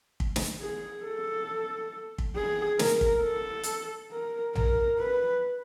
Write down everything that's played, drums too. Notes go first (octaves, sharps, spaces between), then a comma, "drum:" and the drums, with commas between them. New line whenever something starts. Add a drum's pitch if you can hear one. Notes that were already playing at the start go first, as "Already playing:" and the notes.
drum: kick
drum: snare
G#4
A4
drum: kick
G#4
A#4, drum: snare
drum: kick
A4
drum: hi-hat
A#4
A#4, drum: tom A#1
B4